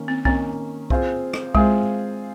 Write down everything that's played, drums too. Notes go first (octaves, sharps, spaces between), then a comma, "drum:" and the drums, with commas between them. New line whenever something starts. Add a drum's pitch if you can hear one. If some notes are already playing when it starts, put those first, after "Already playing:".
Already playing: D#3 A#3 C#4
C4
D#3 A#3 C4 C#4, drum: kick B1
C4 F4 G#4 C5 F5, drum: kick B1
drum: rim click
G#3 C4 F4 G#4 C5 F5, drum: kick B1